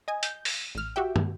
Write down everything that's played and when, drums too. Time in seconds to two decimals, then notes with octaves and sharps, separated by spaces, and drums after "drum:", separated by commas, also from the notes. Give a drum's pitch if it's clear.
0.08 D#5 G#5
0.23 G6, drum: hi-hat
0.45 drum: open hi-hat
0.75 A1 F6
0.96 F#4 G4 E5 G5
1.16 drum: tom